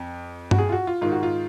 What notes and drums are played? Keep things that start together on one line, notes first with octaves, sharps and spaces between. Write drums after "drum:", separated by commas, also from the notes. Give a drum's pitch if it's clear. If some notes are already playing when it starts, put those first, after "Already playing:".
Already playing: F2
F#4, drum: tom G2
G#4
F4
F#4
F4
G#2 D#3 F4
F#4
F4